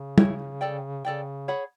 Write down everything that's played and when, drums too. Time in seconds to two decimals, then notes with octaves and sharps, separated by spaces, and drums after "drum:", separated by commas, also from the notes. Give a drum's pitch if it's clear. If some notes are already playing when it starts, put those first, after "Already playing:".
Already playing: C#3
0.18 E4 G#4 C#5, drum: tom
0.61 A4 D5 G5
1.05 C#3 A4 D5 G5
1.48 G#4 C#5 F#5 B5